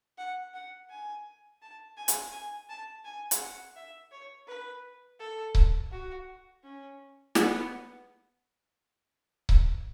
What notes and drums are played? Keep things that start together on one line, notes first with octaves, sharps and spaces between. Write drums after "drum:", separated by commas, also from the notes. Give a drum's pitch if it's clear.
F#5
F#5
G#5
A5
G#5
drum: hi-hat
G#5
A5
G#5
drum: hi-hat
F#5
E5
C#5
B4
A4
drum: kick C#1
F#4
C#4
B3, drum: snare
drum: kick C#1